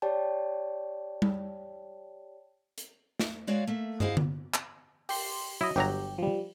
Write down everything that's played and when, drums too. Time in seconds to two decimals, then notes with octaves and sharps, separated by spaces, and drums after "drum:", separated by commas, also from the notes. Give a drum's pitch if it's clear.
0.02 G4 C#5 D5 G5 A5
1.22 drum: tom G3
2.78 drum: hi-hat
3.19 drum: snare
3.47 G#3 F#4 C#5 D5 F5
3.67 A3 A#3 E5
4.00 E4 G#4 C5 D#5 F5 F#5, drum: tom
4.17 drum: tom D3
4.54 drum: clap
5.09 G4 C6, drum: open hi-hat
5.61 F#3 E4 D#5
5.76 G1 F#3 G4 A#5
6.18 F3 G3